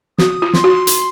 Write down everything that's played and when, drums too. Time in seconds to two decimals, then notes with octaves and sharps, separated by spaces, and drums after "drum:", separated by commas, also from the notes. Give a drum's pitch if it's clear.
0.18 F#4 D#6, drum: snare
0.42 F4
0.53 C6, drum: snare
0.64 F#4
0.87 drum: hi-hat